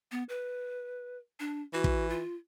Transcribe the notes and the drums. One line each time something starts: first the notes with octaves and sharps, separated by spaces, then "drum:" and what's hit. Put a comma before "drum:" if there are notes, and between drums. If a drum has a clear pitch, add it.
B3
B4
D4
E3 F#4
drum: kick
F4